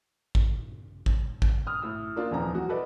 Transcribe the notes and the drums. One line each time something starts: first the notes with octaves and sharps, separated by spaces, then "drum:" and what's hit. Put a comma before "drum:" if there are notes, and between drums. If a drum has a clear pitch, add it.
drum: kick
drum: kick
drum: kick
D#6 F6
A2 E6
A#3 D4 F4
D#1 F2 E3 A#5
F#3 F#4
F#4 A4 B4 D5 D#5